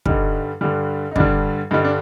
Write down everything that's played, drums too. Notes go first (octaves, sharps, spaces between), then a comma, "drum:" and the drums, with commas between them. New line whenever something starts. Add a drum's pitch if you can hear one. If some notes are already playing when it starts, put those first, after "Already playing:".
G2 D3 G3 D#4, drum: kick
G2 D3 G3
D#4
G2 D3 G3 D4, drum: kick
G2 D3 G3 D#4
D4